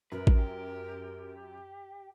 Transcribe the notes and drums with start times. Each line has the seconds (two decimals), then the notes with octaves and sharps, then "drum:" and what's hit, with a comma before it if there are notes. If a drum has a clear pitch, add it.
0.12 F#2 A#4 B4
0.27 drum: kick A1
0.38 G4